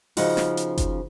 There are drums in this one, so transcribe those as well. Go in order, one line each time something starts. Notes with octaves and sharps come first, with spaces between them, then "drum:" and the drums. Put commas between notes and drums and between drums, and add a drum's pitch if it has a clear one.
C#3 F3 D#4 F4 F#4 B4, drum: open hi-hat
drum: snare
drum: hi-hat
drum: kick F#1, hi-hat